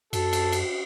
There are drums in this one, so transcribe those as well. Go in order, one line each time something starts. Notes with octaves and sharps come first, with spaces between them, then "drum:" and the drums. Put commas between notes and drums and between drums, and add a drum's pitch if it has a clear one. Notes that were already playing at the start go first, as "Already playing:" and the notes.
F#2 F#4 A4, drum: cymbal
drum: cymbal
drum: cymbal